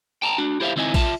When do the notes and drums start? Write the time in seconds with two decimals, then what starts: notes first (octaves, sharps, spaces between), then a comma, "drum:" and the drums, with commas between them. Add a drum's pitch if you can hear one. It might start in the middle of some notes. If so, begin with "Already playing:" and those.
0.22 G5 A5 A#5
0.38 D4 F#4
0.60 E4 G4 C5 D5 E5 F5
0.76 C#2 D#3 C4 E4 D#5 G#5
0.94 F4 E5 A5, drum: kick A#1, cymbal